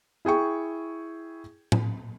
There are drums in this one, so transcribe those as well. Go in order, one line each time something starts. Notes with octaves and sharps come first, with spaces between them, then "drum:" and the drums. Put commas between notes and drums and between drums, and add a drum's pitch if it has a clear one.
E4 G#4 G5 C#6
drum: tom A2